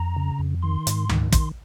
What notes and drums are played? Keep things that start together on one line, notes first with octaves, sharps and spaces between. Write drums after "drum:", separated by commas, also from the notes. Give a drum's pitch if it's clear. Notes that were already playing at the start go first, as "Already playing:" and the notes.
Already playing: F2 A#5
C#3
F2
D#3 C6
G#2, drum: hi-hat
D#3, drum: tom D2
D#3 C6, drum: kick, hi-hat